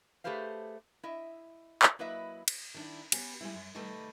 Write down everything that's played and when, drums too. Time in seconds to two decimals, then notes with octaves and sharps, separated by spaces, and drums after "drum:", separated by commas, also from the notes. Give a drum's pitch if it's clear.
0.24 A3 G4 G#4 B4 C5 F5
1.03 E4 D#5 E5
1.83 drum: clap
1.99 F#3 A#3 E4 B4 D#5 E5
2.48 drum: cymbal
2.74 D#3 D4 E4
3.12 B3 C#4 G4 B4, drum: cymbal
3.41 G3 G#3 C4 E4
3.54 F#2
3.75 D#2 C3 G3 A3 B4 D#5